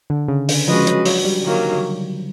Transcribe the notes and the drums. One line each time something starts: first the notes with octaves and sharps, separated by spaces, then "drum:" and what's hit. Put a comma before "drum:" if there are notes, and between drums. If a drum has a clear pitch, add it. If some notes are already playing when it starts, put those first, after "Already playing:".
D3
C#3
D3, drum: open hi-hat
F3 G#3 C#4 F#4 B4 D#5
F#3, drum: hi-hat
F#3, drum: open hi-hat
G3
D#3 F#3 A#3